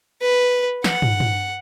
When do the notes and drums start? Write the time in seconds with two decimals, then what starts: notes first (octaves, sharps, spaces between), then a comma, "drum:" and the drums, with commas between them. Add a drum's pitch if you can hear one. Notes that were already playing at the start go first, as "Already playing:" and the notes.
0.21 B4
0.84 F#5, drum: snare
1.02 drum: tom
1.20 drum: tom